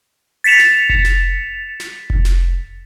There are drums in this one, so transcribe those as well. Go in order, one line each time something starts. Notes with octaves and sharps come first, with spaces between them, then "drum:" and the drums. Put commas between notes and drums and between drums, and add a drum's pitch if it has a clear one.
A6 B6 C#7 E7 F7
drum: snare
drum: kick F1
drum: snare
drum: snare
drum: kick F1
drum: snare